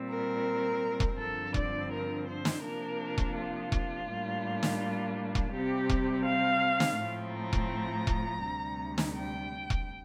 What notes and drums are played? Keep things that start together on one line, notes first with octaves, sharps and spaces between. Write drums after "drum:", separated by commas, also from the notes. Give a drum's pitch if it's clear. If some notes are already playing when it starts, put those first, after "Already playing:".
Already playing: A#2 G3 C4
A#4
drum: kick E1
G2 D3 F3 C4 A4
D5, drum: kick E1
A#4
C5
drum: snare
C3 F3 A#3 D4 A#4
drum: kick E1
F4
drum: kick E1
A2 G3 A#3 D4
drum: snare
drum: kick E1
C3 G3 C4 G4
drum: kick E1
F5
drum: snare
A2 F3 A3 C4
A#5
drum: kick E1
drum: kick E1
D2 C3 G3
drum: snare
G5
drum: kick E1